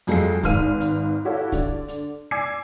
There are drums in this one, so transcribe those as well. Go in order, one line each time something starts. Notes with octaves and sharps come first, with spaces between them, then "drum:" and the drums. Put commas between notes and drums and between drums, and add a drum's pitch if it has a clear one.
F2 F#3 G#3 F4 A4 C7, drum: open hi-hat
G#1 G#2 B4 F5 F6 D#7, drum: kick, hi-hat
drum: hi-hat
E4 F#4 G4 A4 C#5 F5
D3 D5, drum: kick, hi-hat
drum: hi-hat
D5 G#5 D6 E6 G#6 C7